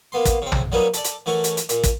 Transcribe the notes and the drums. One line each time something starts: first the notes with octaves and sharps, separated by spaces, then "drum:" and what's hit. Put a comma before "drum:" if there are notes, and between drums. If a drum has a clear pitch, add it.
A#3 B3 C6
drum: kick, hi-hat
C#3 C4
drum: tom
F#3 G3 A#3 B3 C#4 D#4
A4 D5, drum: hi-hat
drum: hi-hat
E3 A3 F#4 A4 A#4 C#5
drum: hi-hat
drum: hi-hat
A#2, drum: hi-hat
drum: kick, hi-hat